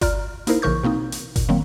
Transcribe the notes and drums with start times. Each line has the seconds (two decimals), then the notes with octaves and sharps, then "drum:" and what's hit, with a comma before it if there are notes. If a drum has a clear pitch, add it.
0.01 F4 D5 A#5 F6, drum: kick G1, hi-hat
0.47 A#3 D#4 E4 A#4 C5, drum: hi-hat
0.62 A#1 C#3 E3 A#4 C#6 G6
0.83 B2 A#3 C4 D#4
1.12 drum: hi-hat
1.36 A#2, drum: kick G1, hi-hat
1.49 D#3 F#3 A#3 C4